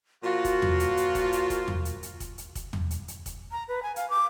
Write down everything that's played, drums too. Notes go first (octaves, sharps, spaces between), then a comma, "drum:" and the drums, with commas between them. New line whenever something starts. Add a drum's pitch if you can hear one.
A#2 F3 F4 F#4
drum: kick, hi-hat
drum: tom
drum: hi-hat
drum: hi-hat
drum: kick, hi-hat
drum: hi-hat
drum: kick, hi-hat
drum: tom
drum: hi-hat
drum: hi-hat
drum: kick, hi-hat
drum: hi-hat
drum: kick, hi-hat
drum: tom
drum: hi-hat
drum: hi-hat
drum: kick, hi-hat
A#5
B4
G#5
F5, drum: hi-hat
D6